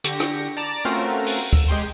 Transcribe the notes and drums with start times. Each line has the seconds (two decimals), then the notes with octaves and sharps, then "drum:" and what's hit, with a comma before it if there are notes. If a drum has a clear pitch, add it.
0.04 D3 G4 C#6 A#6, drum: hi-hat
0.20 drum: rim click
0.57 D5 A5 A#5 D6 A6
0.85 A3 C4 C#4 F4 F#4 A#4
1.26 drum: open hi-hat
1.53 E6, drum: kick D2
1.68 G#3 G4 G5 C6